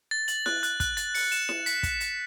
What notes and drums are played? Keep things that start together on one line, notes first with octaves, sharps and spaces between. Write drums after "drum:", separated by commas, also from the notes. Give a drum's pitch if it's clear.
A6
F#7, drum: hi-hat
F#6, drum: snare E4
F#6, drum: hi-hat
F#6, drum: kick, hi-hat
A6, drum: hi-hat
C#7, drum: open hi-hat
E7, drum: hi-hat
E7, drum: snare E4
B6, drum: hi-hat
drum: kick, hi-hat
drum: hi-hat